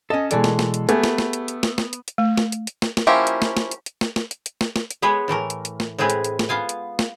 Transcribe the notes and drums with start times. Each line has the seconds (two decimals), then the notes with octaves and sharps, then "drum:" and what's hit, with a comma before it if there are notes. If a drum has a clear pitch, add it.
0.10 C#4 A4 D#5
0.31 B2 E3 G#3 A4 D5, drum: hi-hat
0.44 drum: snare
0.59 drum: snare
0.74 drum: hi-hat
0.89 A3 B3 G4 G#4, drum: hi-hat
1.04 drum: snare
1.18 drum: snare
1.33 drum: hi-hat
1.48 drum: hi-hat
1.63 drum: snare
1.78 drum: snare
1.93 drum: hi-hat
2.08 drum: hi-hat
2.18 A3
2.37 drum: snare
2.52 drum: hi-hat
2.67 drum: hi-hat
2.82 drum: snare
2.97 drum: snare
3.07 F3 A#3 C#4 E4 G4
3.27 drum: hi-hat
3.42 drum: snare
3.57 drum: snare
3.71 drum: hi-hat
3.86 drum: hi-hat
4.01 drum: snare
4.16 drum: snare
4.31 drum: hi-hat
4.46 drum: hi-hat
4.61 drum: snare
4.76 drum: snare
4.91 drum: hi-hat
5.02 G#3 B3 G#4 B4 C#5
5.28 A2 E3 A3 A#4
5.50 drum: hi-hat
5.65 drum: hi-hat
5.80 drum: snare
5.98 A2 G#3 C4 G#4 B4
6.10 drum: hi-hat
6.24 drum: hi-hat
6.39 drum: snare
6.49 B3 F4 F5 G#5
6.69 drum: hi-hat
6.99 drum: snare